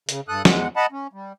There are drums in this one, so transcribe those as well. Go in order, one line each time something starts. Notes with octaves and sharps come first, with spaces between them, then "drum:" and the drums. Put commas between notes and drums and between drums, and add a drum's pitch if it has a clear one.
C#3, drum: hi-hat
G2 A4 D#6 F#6
E2 G#3 F#5, drum: snare
D#5 F#5 A5 B5
C#4
G3